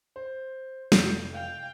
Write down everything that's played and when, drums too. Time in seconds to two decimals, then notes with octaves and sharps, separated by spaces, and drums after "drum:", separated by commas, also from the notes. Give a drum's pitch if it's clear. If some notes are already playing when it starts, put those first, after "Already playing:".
0.16 C5
0.92 F1 G6, drum: snare
1.33 F5 G5